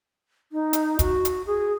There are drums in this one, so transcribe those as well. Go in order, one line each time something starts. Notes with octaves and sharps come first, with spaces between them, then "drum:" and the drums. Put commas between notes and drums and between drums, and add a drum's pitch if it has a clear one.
D#4
drum: hi-hat
F#4, drum: kick, hi-hat
drum: hi-hat
G#4